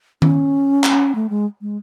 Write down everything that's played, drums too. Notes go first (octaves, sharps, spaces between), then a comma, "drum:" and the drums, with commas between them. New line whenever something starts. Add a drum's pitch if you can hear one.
C#4, drum: tom D#3
drum: clap
A3
G#3
G#3